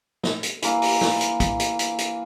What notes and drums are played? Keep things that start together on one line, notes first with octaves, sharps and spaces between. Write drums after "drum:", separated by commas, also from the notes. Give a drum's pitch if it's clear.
drum: snare
drum: hi-hat
E3 A#3, drum: hi-hat
drum: open hi-hat
drum: snare
drum: hi-hat
drum: kick, hi-hat
drum: hi-hat
drum: hi-hat
drum: hi-hat